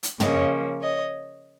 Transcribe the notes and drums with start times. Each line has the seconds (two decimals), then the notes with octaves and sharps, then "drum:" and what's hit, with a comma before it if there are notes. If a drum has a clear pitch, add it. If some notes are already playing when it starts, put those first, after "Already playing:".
0.03 drum: hi-hat
0.20 C#3 F3 A#3 C#5 D#5, drum: tom
0.81 C#5 D#5